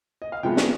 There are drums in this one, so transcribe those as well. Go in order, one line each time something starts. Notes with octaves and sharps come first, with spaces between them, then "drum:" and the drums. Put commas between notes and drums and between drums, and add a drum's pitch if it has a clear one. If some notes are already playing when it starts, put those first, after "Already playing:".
D#5
F5
C3 F3 G#3 B3 G5
D5, drum: snare